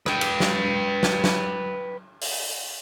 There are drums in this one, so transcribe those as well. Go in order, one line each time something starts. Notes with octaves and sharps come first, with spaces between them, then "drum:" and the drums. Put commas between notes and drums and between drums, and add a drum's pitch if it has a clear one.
B4 G5, drum: rim click
drum: cymbal
drum: snare
drum: snare
drum: snare
drum: open hi-hat